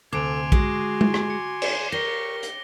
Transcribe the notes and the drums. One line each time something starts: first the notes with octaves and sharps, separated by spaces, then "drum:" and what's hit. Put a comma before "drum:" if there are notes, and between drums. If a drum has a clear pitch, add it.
D2 C3 A4 G#5 C6 D6 D7 F7
G#3 F#4 F7, drum: kick
drum: tom G#3
drum: rim click
C#7
drum: cymbal
G4 A#4 C#6 A#6 G7
drum: hi-hat